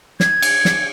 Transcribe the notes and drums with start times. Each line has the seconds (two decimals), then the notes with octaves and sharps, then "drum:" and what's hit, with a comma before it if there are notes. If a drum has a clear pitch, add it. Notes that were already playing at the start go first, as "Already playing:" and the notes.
0.20 G#6, drum: snare
0.42 drum: cymbal
0.65 drum: snare